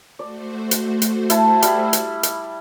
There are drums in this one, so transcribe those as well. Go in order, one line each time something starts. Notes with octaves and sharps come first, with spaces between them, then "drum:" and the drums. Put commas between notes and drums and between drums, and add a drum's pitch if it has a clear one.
A3 F#4 C5 D5
drum: hi-hat
drum: hi-hat
E4 A5, drum: hi-hat
G3 B5, drum: hi-hat
drum: hi-hat
drum: hi-hat